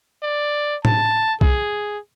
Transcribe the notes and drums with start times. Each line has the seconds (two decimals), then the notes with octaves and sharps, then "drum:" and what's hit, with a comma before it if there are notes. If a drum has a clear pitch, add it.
0.23 D5
0.85 A5, drum: tom A2
1.41 G#4, drum: kick B1